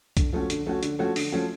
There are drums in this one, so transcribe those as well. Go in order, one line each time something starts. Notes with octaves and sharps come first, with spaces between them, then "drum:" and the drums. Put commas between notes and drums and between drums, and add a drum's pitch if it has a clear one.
D3, drum: kick B1, hi-hat
F3 A3 C#4 F#4
D3, drum: hi-hat
F3 A3 C#4 F#4
D3, drum: hi-hat
F3 A3 C#4 F#4
D3, drum: open hi-hat
F3 A3 C#4 F#4